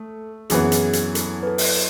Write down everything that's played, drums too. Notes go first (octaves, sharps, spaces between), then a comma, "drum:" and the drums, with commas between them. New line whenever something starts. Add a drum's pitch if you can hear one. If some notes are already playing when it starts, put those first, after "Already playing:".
Already playing: A3 A4
F#2 E3 B3 G#4, drum: hi-hat
drum: hi-hat
drum: hi-hat
A4, drum: hi-hat
B4
A4
drum: open hi-hat